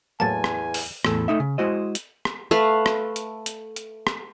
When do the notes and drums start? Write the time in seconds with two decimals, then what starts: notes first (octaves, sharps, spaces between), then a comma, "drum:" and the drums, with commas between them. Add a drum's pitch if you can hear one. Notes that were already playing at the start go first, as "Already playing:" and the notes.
0.20 E2 A2 F#3 A#3 G#5 A5 A6
0.44 drum: rim click
0.74 drum: open hi-hat
1.05 E2 A2 A4, drum: rim click
1.28 A3 D#4 E5
1.40 C#3
1.58 G#3 E4 F#4 C5 D#5
1.95 drum: hi-hat
2.25 drum: rim click
2.51 A3 B4 F5
2.86 drum: rim click
3.16 drum: hi-hat
3.46 drum: hi-hat
3.76 drum: hi-hat
4.07 drum: rim click